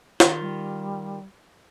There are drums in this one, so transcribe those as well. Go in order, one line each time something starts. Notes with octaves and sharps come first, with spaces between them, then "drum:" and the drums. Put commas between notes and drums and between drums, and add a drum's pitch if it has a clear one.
D#3 F4, drum: snare
G3